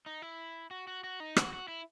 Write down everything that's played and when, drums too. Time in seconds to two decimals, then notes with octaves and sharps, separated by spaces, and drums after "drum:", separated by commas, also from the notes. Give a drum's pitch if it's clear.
0.06 D#4
0.22 E4
0.71 F#4
0.87 F#4
1.04 F#4
1.20 D#4
1.36 F#4, drum: rim click
1.53 F#4
1.68 E4